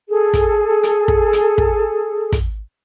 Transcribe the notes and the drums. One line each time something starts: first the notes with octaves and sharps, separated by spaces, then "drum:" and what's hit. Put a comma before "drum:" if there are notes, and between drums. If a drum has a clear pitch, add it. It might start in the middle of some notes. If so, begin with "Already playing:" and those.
G#4 A4
drum: kick, hi-hat
drum: hi-hat
drum: kick
drum: hi-hat
drum: kick
drum: kick, hi-hat